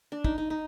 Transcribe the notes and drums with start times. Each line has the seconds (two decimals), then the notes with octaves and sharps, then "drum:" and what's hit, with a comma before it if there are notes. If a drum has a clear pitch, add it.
0.12 D4
0.24 D#4, drum: kick
0.38 D#4
0.50 D#4